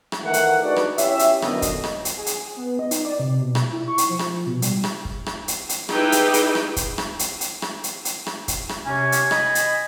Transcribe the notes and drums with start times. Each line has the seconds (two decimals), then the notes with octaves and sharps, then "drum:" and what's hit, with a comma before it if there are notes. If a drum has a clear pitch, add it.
0.12 drum: rim click
0.23 D#3 E3 A3 A#4 E5 F#5
0.34 drum: hi-hat
0.63 D4 D#4 F#4 G#4 B4 D5
0.76 drum: rim click
0.98 C#4 E4 G4 C#5 E5, drum: hi-hat
1.19 drum: hi-hat
1.42 F#2 B2 D3 D#5, drum: rim click
1.62 drum: kick, hi-hat
1.84 drum: rim click
2.05 drum: hi-hat
2.17 G#4
2.26 drum: hi-hat
2.57 B3
2.79 D#5
2.91 D#4, drum: hi-hat
3.05 D5
3.20 C3
3.41 B2
3.55 drum: rim click
3.72 E4
3.88 C#6
3.98 drum: hi-hat
4.10 F3
4.19 drum: rim click
4.47 B2
4.62 G3, drum: hi-hat
4.84 drum: rim click
5.05 drum: kick
5.26 drum: rim click
5.48 drum: hi-hat
5.69 drum: hi-hat
5.89 D#4 E4 G4 G#4 B4 G5, drum: rim click
6.12 drum: hi-hat
6.34 drum: hi-hat
6.55 drum: rim click
6.76 drum: kick, hi-hat
6.98 drum: rim click
7.19 drum: hi-hat
7.41 drum: hi-hat
7.62 drum: rim click
7.84 drum: hi-hat
8.05 drum: hi-hat
8.26 drum: rim click
8.48 drum: kick, hi-hat
8.69 drum: rim click
8.86 C3 C#4 G#5
9.12 drum: hi-hat
9.31 D#5 B5, drum: rim click
9.55 drum: hi-hat